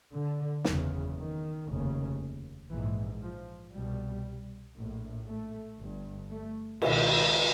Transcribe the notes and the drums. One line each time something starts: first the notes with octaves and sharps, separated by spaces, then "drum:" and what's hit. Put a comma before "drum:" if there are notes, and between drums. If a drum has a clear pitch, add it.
D3
F#1 E2 C#3, drum: snare
D#3
F1 D#2 C#3
A#1 G#2 E3
F3
C2 B2 G3
A#1 A2
A3
G1 G2
A3
C#2 B2 D#3, drum: cymbal